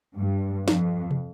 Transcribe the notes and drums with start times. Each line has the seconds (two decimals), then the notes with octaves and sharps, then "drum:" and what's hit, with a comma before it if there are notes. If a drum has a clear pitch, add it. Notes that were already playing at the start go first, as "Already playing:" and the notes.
0.16 G2
0.68 F2, drum: snare
1.11 drum: tom